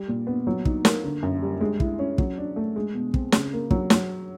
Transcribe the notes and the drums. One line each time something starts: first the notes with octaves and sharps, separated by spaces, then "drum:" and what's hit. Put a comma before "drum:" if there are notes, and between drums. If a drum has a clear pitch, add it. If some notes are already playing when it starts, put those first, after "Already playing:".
Already playing: G3
A#2
B3
F#3
D#4, drum: kick
A#3, drum: snare
D3
F#2
G3
G#3
E4, drum: kick
C#4
F#3, drum: kick
D4
A3
G#3
B2
C4, drum: kick
C#3, drum: snare
A#3
F#3, drum: kick
F#3, drum: snare